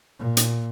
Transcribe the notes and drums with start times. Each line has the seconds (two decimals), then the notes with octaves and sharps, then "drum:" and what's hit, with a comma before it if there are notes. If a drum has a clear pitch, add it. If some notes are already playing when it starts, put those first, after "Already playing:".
0.19 A#2
0.37 drum: hi-hat